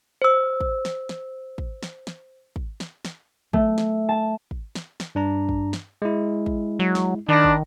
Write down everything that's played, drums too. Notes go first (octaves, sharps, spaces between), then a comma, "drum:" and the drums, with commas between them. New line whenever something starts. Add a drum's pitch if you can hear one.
C5 E6
drum: kick
drum: snare
drum: snare
drum: kick
drum: snare
drum: snare
drum: kick
drum: snare
drum: snare
A3, drum: kick
drum: snare
A5
drum: kick
drum: snare
drum: snare
G2 D4 A#5
drum: kick
drum: snare
G#3 E4
drum: kick
F#3
drum: snare
D#3 D4 A5 B5 A#6
drum: kick